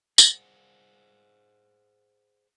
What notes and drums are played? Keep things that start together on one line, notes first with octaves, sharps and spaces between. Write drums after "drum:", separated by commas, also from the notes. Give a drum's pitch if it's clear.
G#4 C5 D5 F#5, drum: tambourine